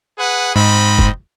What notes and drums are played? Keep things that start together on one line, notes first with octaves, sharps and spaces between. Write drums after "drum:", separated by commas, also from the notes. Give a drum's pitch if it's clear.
G#4 B4 F#5
G#2 C4 D#5 B5
drum: kick